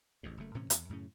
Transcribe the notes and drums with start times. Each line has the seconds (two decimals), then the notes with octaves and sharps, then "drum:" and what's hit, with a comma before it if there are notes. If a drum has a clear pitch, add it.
0.23 A1 F2 G#2
0.37 F#1 F#2 A3
0.55 A2 C3 E3 C#4
0.70 E2, drum: hi-hat
0.89 F#2 A2 C#3 C#4